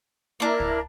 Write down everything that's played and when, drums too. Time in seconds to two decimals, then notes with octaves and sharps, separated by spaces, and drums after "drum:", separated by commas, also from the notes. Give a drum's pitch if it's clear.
0.40 A#3 D4 E4 A#4
0.60 drum: kick